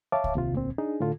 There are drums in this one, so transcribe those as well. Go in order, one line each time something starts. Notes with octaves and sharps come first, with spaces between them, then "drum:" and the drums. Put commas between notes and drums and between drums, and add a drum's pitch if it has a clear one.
C#5 E5 F5 A5 D6
drum: kick C2
D#2 C3 F4
D2 A#2 C4
D4 D#4 G#4
A2 D3 F4 A4